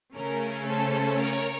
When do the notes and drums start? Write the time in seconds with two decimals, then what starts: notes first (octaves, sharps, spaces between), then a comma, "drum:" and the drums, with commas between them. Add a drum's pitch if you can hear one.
0.14 C#3 A3 C#4 A#4
0.67 A4 C5
1.19 A#4 C#5, drum: open hi-hat